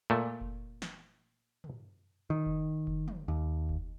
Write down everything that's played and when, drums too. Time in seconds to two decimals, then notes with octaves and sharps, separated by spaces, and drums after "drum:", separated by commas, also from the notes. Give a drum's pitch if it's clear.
0.10 A#2 A3
0.41 drum: kick F1
0.82 drum: snare
1.64 drum: tom
2.30 D#3
2.46 drum: kick F1
2.87 drum: kick F1
3.08 drum: tom
3.28 D#2
3.69 drum: kick F1